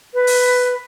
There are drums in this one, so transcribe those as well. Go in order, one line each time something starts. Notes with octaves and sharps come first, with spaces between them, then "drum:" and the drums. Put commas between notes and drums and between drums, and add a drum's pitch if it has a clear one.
B4
drum: open hi-hat